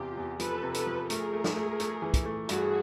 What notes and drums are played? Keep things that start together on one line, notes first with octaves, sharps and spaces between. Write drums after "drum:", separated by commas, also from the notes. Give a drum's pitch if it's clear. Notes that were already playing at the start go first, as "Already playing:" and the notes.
Already playing: E2 C3 F4 G4
E2
F3 A4 B4, drum: hi-hat
C3
A4 B4, drum: hi-hat
F3
A3 G#4 A#4, drum: hi-hat
A3
drum: snare
A3
A3, drum: hi-hat
E3
drum: kick, hi-hat
A3
G2 F#4 G#4, drum: hi-hat